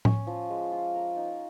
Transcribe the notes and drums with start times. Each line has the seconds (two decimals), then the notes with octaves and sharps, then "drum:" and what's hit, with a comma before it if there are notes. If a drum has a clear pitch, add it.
0.05 C#4, drum: tom A2
0.27 F3
0.50 G#3
0.72 F4
0.95 A#4
1.17 D#4